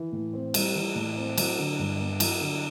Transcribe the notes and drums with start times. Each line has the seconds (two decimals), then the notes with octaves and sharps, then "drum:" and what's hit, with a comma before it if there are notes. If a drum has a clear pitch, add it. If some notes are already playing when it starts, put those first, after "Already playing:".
Already playing: E3
0.12 A2
0.34 C4
0.54 G3, drum: cymbal
0.75 E3
0.95 A2
1.16 C4
1.38 F#3, drum: cymbal
1.59 D3
1.79 G2
2.00 B3
2.20 F#3, drum: cymbal
2.41 D3